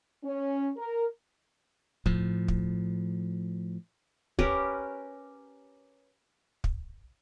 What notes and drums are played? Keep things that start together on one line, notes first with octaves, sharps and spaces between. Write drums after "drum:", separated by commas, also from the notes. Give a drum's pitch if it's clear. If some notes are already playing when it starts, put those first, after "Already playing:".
C#4
A#4
A2 F3, drum: kick
drum: kick
C#4 G4 A#4 B4, drum: kick
drum: kick